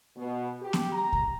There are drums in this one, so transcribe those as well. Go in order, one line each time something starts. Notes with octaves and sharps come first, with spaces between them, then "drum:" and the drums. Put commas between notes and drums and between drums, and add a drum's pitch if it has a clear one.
B2
G4
drum: snare B3
A#5
drum: kick C2